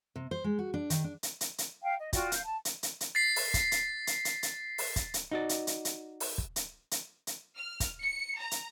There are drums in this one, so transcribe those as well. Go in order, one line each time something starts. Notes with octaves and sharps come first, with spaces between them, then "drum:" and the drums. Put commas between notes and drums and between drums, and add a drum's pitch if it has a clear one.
C3
C5
G#3
F#4
D4
D#3, drum: hi-hat
D4
drum: hi-hat
drum: hi-hat
drum: hi-hat
F5 G5
D#5
F4 F#4 D5 G5, drum: kick, hi-hat
F5 G6, drum: hi-hat
A5
drum: hi-hat
drum: hi-hat
drum: hi-hat
A6 B6 C7
drum: open hi-hat
drum: kick, hi-hat
drum: hi-hat
drum: hi-hat
drum: hi-hat
drum: hi-hat
drum: open hi-hat
drum: kick, hi-hat
drum: hi-hat
D#4 F#4 D5
drum: hi-hat
drum: hi-hat
drum: hi-hat
drum: open hi-hat
drum: kick
drum: hi-hat
drum: hi-hat
drum: hi-hat
F6
drum: kick, hi-hat
C#7
A#5
drum: hi-hat